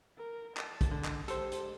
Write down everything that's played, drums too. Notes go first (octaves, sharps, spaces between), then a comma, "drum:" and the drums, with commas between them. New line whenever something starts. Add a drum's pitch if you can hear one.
A#4
A5, drum: clap
drum: kick, hi-hat
D3
drum: clap
G#3 G4 A4 C5, drum: hi-hat
drum: hi-hat